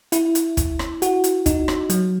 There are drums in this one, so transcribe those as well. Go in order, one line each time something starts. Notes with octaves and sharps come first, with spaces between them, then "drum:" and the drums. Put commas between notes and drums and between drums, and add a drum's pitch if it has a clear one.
E4, drum: hi-hat
drum: hi-hat
drum: kick, hi-hat
drum: rim click
F#4, drum: hi-hat
drum: hi-hat
D#4, drum: kick, hi-hat
drum: rim click
F#3, drum: hi-hat